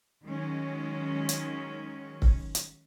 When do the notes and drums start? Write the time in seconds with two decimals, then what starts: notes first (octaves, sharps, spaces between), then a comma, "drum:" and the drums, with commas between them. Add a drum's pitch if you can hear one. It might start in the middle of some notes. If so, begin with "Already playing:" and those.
0.24 D#3 F#3 G#3 C#4
1.29 drum: hi-hat
2.22 drum: kick C#1
2.55 drum: hi-hat